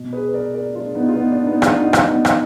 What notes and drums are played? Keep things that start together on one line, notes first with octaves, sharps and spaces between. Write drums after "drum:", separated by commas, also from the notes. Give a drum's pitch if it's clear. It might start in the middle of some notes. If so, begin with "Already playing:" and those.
Already playing: B2
G#4 B4
B4
A#4 D5
A#4 D5
D4 F4
B3 D#4
F4
B3 D#4
D4
B3 D#4
D4 F4, drum: rim click
D#4 F#4
D4 F4, drum: rim click
B3 D#4
D4, drum: rim click